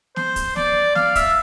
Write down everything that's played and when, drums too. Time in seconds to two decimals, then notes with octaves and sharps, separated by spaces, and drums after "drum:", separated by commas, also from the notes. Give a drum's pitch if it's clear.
0.16 C5, drum: snare
0.36 drum: kick, hi-hat
0.56 D5, drum: snare
0.95 F5, drum: snare
1.15 E5, drum: kick, hi-hat